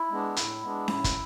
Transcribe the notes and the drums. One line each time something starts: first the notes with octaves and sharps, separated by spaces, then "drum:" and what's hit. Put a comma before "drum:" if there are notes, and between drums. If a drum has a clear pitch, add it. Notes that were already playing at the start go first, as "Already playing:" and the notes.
Already playing: E4
G#3 B3 D4
A2, drum: hi-hat
G#3 B3 D4
A2, drum: snare C#4
drum: kick, hi-hat